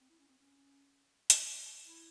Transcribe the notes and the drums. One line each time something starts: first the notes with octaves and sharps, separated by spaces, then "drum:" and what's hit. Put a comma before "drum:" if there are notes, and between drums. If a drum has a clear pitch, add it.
C4
E4
C#4
C4
C#4
drum: hi-hat
E4